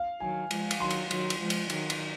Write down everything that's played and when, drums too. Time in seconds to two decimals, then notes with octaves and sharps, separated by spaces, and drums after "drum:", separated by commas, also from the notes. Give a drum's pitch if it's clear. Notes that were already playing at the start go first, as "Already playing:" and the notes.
Already playing: F5
0.20 D#3 F#3 G#5
0.51 F3 G#3, drum: cymbal
0.71 drum: cymbal
0.80 D#3 F#3 C6
0.91 drum: cymbal
1.11 D#3 F#3, drum: cymbal
1.30 drum: cymbal
1.40 F3 G#3
1.50 drum: cymbal
1.70 D#3 F#3, drum: cymbal
1.90 drum: cymbal